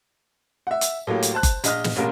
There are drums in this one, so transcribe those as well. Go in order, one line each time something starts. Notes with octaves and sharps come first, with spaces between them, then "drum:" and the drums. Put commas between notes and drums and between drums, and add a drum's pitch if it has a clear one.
E5 F#5
drum: hi-hat
A2 F#3 A#3 G4
drum: hi-hat
C5 A5 F#6
drum: kick F#1, hi-hat
A#1 D#5 F6, drum: hi-hat
drum: snare
E1 A1 G3 A#3 A#4